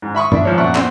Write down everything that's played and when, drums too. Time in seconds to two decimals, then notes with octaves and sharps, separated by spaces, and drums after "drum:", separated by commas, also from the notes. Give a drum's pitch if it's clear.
0.02 G#2
0.15 E5 B5 C#6 D#6
0.32 D4 E5, drum: tom
0.45 G#2 F3 C#5
0.57 F#2 A#2 D5 E5 F#5 C#6
0.75 B3 C4, drum: clap